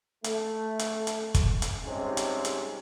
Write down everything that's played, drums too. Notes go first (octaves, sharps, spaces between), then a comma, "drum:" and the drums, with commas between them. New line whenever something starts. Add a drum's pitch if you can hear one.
A3, drum: hi-hat
drum: hi-hat
drum: hi-hat
drum: kick, hi-hat
drum: hi-hat
G#2 C3 G3 G#3 C4 C#4
drum: hi-hat
drum: hi-hat